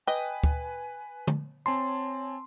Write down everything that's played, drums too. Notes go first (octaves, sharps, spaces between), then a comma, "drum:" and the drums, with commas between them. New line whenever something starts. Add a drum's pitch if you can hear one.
B4 D#5 G5 G#5
drum: kick D2
drum: tom D3
C4 C#5 G#5 A5 C6